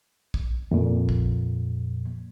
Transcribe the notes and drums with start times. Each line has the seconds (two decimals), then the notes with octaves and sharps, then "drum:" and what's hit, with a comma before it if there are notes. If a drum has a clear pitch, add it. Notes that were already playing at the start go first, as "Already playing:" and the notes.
0.34 drum: kick
0.71 F2 A#2
1.09 drum: kick